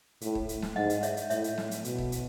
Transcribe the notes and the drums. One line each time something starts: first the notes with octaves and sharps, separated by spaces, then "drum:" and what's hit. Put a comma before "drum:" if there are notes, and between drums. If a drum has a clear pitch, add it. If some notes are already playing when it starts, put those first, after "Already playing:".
A2, drum: hi-hat
drum: kick
drum: hi-hat
drum: snare
G#2 D#5 F#5
drum: hi-hat
C#5 E5, drum: hi-hat
drum: hi-hat
A2 C#5 E5, drum: hi-hat
drum: hi-hat
drum: snare
drum: hi-hat
B2, drum: hi-hat
drum: kick
drum: hi-hat